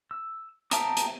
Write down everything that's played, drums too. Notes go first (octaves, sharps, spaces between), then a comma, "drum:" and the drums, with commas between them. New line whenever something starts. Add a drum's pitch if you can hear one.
E6
E5 G5 A5 A#5 D#6, drum: hi-hat
drum: hi-hat